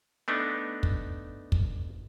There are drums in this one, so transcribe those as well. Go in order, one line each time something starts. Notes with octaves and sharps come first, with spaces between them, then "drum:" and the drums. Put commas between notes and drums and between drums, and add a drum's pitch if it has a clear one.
A3 B3 D4 D#4
drum: kick
drum: kick